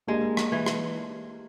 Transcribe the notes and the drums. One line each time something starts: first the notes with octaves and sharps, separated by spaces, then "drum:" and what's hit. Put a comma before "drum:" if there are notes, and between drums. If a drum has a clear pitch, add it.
G#3 A#3 D4 G4
drum: rim click
E3
drum: rim click